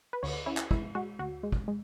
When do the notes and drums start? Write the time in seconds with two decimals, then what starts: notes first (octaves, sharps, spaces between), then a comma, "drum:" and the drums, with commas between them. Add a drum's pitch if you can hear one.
0.13 B4
0.23 D2 C#5, drum: cymbal
0.46 C#4 E4
0.57 drum: clap
0.71 G#3 E4, drum: kick
0.95 G#3 F#4
1.19 D2 F#4
1.43 G#3
1.52 drum: kick
1.68 G#3